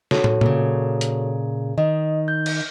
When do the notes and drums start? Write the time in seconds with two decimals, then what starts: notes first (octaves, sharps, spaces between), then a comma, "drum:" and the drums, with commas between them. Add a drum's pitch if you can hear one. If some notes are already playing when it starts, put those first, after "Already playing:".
0.11 F#4 A4 C#5, drum: snare
0.24 drum: tom
0.41 A#2 C#3, drum: tom A#2
1.01 drum: hi-hat
1.78 D#3 D#5
2.28 G6
2.46 drum: cymbal